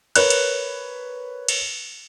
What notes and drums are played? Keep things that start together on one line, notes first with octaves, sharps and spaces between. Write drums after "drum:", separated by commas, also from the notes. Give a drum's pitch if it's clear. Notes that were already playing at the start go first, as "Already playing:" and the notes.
A#4 B4 C#5 F#6, drum: cymbal
drum: cymbal
drum: cymbal